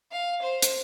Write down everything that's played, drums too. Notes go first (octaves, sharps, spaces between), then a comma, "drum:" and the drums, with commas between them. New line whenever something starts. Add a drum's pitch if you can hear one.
F5
C5
drum: hi-hat